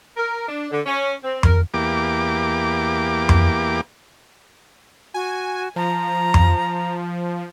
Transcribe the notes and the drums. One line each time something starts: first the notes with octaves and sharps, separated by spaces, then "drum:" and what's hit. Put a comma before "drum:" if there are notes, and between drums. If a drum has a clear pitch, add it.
A#4
D4
D3
C#4
C4
A#4, drum: tom F2
E2 A#3 G4 D6
drum: tom F2
F#4 G#5
F3 A#5
drum: tom F2